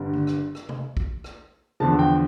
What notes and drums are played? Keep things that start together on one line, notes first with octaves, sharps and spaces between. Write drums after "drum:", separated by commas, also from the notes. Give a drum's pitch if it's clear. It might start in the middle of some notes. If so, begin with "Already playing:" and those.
Already playing: G1 G2 D3
drum: tom D3
drum: rim click
drum: rim click
drum: tom C3
drum: kick
drum: rim click
E2 D3 F3 A5, drum: tom G#2
G5